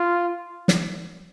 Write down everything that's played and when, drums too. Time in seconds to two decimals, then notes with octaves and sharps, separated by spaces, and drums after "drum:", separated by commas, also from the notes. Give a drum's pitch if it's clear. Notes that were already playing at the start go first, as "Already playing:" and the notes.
Already playing: F4
0.68 drum: snare